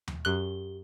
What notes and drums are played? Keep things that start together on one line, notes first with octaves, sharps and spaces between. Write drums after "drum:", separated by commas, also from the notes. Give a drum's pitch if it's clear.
drum: tom D#2
F#2 G4 F#6 G7